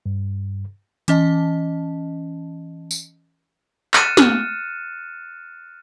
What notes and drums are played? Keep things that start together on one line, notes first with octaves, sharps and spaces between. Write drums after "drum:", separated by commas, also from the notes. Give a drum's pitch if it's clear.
G2
E3 C#4 D#5 A5, drum: hi-hat
drum: tambourine
F6 F#6 A6 C#7 D#7 E7, drum: clap
F6, drum: snare